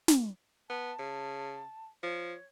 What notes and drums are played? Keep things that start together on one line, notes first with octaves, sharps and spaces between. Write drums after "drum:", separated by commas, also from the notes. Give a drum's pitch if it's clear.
drum: snare
B3 A5
C#3
F3 C#5